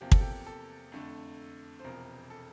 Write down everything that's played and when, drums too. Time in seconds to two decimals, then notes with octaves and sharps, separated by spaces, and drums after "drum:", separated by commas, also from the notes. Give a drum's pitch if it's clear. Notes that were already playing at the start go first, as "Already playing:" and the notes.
0.01 E2 C3 F3 A#3 G4
0.12 A4, drum: kick
0.21 G4
0.47 A4
0.92 F2 D3 A3
1.80 C5
1.84 E1 E2 C3 F3 A#4
2.30 A4